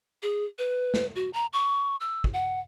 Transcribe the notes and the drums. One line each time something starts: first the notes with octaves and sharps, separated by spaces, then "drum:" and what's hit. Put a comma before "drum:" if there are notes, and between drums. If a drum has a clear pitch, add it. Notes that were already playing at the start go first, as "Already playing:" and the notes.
G#4
B4
drum: snare
F#4
A#5
C#6
E6
drum: kick
F#5